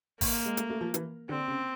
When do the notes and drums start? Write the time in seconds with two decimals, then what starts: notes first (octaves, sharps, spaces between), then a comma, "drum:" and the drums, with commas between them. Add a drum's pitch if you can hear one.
0.21 A#3, drum: kick, open hi-hat
0.46 G#3
0.57 A3, drum: hi-hat
0.70 A3
0.81 F3
0.94 E3, drum: hi-hat
1.29 D3 C4
1.48 C#3